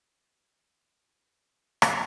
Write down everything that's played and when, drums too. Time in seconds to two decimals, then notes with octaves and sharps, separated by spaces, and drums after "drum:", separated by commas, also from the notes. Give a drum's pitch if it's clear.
0.22 C#2 G#2 G3 G#4 D#5 F5
1.82 drum: rim click